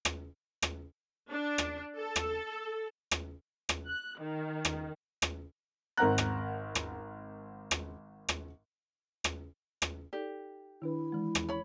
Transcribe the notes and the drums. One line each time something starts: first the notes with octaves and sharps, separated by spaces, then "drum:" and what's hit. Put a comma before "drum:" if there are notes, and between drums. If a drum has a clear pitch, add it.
drum: rim click
drum: rim click
D4
drum: rim click
A4
drum: rim click
drum: rim click
drum: rim click
F#6
D#3
drum: rim click
drum: rim click
G#1 C4 A#4 F#5 A#5 F#6
drum: rim click
drum: rim click
drum: rim click
drum: rim click
drum: rim click
drum: rim click
D#4 G4 A4 D5
D#3 D4 E4 B4
E3 G#3
drum: rim click
C#5 B5